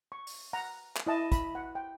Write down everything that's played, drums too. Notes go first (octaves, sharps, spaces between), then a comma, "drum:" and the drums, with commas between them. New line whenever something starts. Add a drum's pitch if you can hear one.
C#6
drum: open hi-hat
F#5 A#5
drum: clap
E4 D#5 A5
B5, drum: kick, hi-hat
F#5
G5